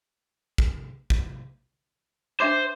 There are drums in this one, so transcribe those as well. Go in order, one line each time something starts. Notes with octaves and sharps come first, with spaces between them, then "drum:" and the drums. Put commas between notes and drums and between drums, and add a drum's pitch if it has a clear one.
drum: kick A1
drum: kick A1
D4 C5 E5 D6